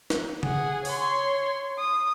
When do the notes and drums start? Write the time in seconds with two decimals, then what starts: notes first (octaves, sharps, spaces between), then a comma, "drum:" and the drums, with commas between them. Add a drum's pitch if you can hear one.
0.10 drum: snare
0.43 G#4 F#5, drum: tom C#3
0.85 C#5 C6, drum: open hi-hat
1.79 D#6